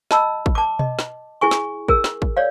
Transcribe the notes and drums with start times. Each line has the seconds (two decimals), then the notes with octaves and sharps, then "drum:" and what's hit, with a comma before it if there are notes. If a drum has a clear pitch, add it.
0.11 D#5 A5 B5 E6, drum: snare
0.46 drum: kick
0.55 A5 D6
0.79 D#5, drum: tom B2
0.99 drum: snare
1.41 E4 G#4 G#5 C#6
1.51 drum: snare
1.88 G#4 A#4 E6, drum: kick
2.04 drum: snare
2.22 drum: kick
2.37 C#5 D5 F5